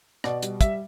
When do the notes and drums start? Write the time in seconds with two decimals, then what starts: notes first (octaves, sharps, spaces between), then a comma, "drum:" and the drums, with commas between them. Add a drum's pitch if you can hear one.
0.24 B2 D5, drum: rim click
0.42 G3, drum: hi-hat
0.61 G3 E5, drum: kick, hi-hat